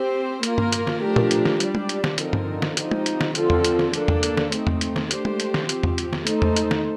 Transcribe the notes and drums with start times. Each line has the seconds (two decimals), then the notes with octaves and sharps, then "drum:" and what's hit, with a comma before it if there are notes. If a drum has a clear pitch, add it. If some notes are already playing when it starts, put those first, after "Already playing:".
Already playing: C4 G4 C5
0.43 A#3 F4 A#4, drum: hi-hat
0.58 drum: tom G2
0.72 drum: hi-hat
0.87 drum: snare
1.02 F3 A3 D4 G4 A#4
1.16 drum: tom
1.31 drum: hi-hat
1.45 drum: snare
1.60 G3 D4 G4 D5, drum: hi-hat
1.75 drum: tom G#3
1.89 drum: hi-hat
2.04 drum: snare
2.18 D3 F3 C4 D#4 A#4, drum: hi-hat
2.33 drum: tom G2
2.62 drum: snare
2.77 F3 C4 D#4 G4, drum: hi-hat
2.91 drum: tom G#3
3.06 drum: hi-hat
3.21 drum: snare
3.35 D3 F3 C4 F4 A4, drum: hi-hat
3.50 drum: tom E2
3.64 drum: hi-hat
3.79 drum: snare
3.94 A#3 D4 A4, drum: hi-hat
4.08 drum: tom E2
4.23 drum: hi-hat
4.37 drum: snare
4.52 A3 C4 D#4, drum: hi-hat
4.67 drum: tom E2
4.81 drum: hi-hat
4.96 drum: snare
5.11 A3 D4 G4 C5, drum: hi-hat
5.25 drum: tom G#3
5.40 drum: hi-hat
5.54 drum: snare
5.69 F3 C4 G4, drum: hi-hat
5.83 drum: tom E2
5.98 drum: hi-hat
6.13 drum: snare
6.27 A3 D#4 A4 C5, drum: hi-hat
6.42 drum: tom E2
6.56 drum: hi-hat
6.71 drum: snare